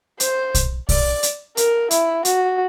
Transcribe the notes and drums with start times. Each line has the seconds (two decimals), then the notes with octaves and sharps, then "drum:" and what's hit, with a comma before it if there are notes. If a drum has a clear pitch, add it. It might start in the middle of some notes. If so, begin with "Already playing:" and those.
0.20 C5, drum: hi-hat
0.55 drum: kick, hi-hat
0.89 D5, drum: kick, open hi-hat
1.23 drum: hi-hat
1.57 A#4, drum: hi-hat
1.91 E4, drum: hi-hat
2.25 F#4, drum: hi-hat